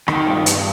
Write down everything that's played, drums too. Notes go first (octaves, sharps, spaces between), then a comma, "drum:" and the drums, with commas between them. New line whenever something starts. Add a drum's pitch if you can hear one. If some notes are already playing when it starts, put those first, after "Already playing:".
D#3, drum: rim click
G2
G2, drum: hi-hat